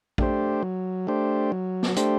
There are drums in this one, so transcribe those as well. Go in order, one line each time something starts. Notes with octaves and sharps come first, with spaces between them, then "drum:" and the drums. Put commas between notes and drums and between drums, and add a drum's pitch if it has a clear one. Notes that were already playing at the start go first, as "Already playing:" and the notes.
A3 D4 G4 C5, drum: kick
F#3
A3 D4 G4 C5
F#3
drum: snare
A3 D4 G4 C5, drum: hi-hat